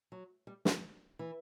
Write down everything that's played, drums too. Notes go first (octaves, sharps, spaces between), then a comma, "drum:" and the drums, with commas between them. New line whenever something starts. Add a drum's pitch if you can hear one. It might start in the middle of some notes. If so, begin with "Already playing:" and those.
F#3
G3
F3, drum: snare
E3